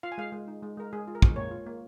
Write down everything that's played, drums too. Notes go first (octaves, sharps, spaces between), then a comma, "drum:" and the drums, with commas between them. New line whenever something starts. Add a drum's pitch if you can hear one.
F4 F5
G#5
G#3 F5
G#3
D#4
G#3
G#3 A#4
G#3 G#4
F4
A#4
G#3, drum: kick
A#3 C#5
F4
A#3